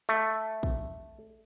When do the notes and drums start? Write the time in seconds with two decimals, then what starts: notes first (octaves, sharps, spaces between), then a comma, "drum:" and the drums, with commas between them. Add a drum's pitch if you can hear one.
0.09 A3
0.63 drum: kick